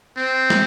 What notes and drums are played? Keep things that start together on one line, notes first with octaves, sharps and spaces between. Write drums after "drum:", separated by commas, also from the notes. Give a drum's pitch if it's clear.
C4
drum: snare